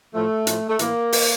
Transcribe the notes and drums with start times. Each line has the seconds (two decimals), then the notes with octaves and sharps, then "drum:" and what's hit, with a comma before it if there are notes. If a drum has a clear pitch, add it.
0.14 A2 F3 A3
0.47 A2 F3, drum: hi-hat
0.69 A3
0.79 A2 E3 A#3, drum: hi-hat
1.12 drum: open hi-hat